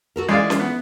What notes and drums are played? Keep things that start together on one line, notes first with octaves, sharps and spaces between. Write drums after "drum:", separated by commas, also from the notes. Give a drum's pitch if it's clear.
F#4 A4 A#4
E3 G#3 E4 D5 E5 F5
drum: snare C#4
B3